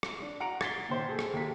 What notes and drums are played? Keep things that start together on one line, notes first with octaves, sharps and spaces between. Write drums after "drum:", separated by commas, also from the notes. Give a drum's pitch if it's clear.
drum: rim click
D4
F#5 A#5 C#7 D7
G#6 A6 B6 C7 G7, drum: rim click
A#2 D#3 C5
G#4 A4
drum: rim click
D#2 A#3 B6